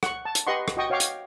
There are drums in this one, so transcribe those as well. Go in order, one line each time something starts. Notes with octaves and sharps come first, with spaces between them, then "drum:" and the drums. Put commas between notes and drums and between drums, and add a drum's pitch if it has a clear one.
F#5 C#6, drum: rim click
A5
drum: hi-hat
G4 B4 D#5 F#5 C6 C#6
drum: rim click
F#4 D#5 G5 C#6 D#6
F#4 C#5 F5 G5 C#6 D6
drum: hi-hat